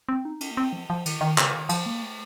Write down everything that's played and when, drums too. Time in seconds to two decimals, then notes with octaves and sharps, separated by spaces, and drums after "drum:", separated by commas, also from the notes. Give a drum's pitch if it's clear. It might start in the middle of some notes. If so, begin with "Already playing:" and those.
0.09 C4
0.25 D#4
0.41 C#4, drum: cymbal
0.51 A#3
0.57 C4
0.73 F3
0.90 F3
1.06 D#3, drum: cymbal
1.21 D#3
1.38 C#3, drum: clap
1.53 D#3
1.69 F3, drum: cymbal
1.86 A#3
2.02 A3